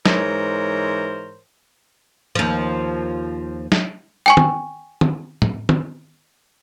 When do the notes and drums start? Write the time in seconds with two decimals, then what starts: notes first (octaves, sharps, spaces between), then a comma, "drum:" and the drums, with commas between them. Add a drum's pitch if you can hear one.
0.06 G#2 E3 A#4 C5 C#5, drum: snare
2.35 D#2 F3
3.72 drum: snare
4.26 G5 G#5 C#6
4.37 drum: tom
5.01 drum: tom
5.42 drum: tom A2
5.69 drum: tom